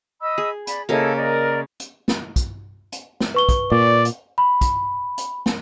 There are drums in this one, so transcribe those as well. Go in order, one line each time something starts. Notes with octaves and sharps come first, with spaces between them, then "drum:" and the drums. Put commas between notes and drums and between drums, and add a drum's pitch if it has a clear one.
D#5 B5 E6
G#4
D5 B5, drum: hi-hat
C#3 A#3 E4 A4 D#5
A#4 D5 D#5
drum: hi-hat
drum: snare
drum: kick, hi-hat
drum: hi-hat
drum: snare
B4 C#6 G7
drum: kick, hi-hat
A#2 D5
drum: hi-hat
B5
drum: kick, hi-hat
drum: hi-hat
drum: snare